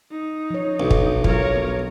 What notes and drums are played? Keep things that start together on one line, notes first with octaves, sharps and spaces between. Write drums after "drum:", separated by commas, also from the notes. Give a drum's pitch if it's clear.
D#4
F3 C#5
B1 D4
drum: kick
F#3 F4 A#4 C#5, drum: kick
B3